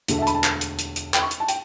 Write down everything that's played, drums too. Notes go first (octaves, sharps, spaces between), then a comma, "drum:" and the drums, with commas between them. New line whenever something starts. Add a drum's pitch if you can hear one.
E1 D2 D3 A3, drum: hi-hat
E5
A5
B5, drum: hi-hat
A5
drum: clap
drum: hi-hat
drum: hi-hat
drum: hi-hat
G5, drum: clap
C#6
drum: hi-hat
A5
G5, drum: hi-hat